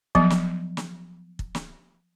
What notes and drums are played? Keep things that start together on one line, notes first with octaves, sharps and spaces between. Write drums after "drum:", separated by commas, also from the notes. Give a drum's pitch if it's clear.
F3 F#3 B3, drum: kick
drum: snare
drum: snare
drum: kick
drum: snare